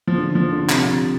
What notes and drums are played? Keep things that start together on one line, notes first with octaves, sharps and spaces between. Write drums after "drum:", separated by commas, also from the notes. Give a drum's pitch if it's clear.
F3
D3
F3
D3
C3, drum: clap
C3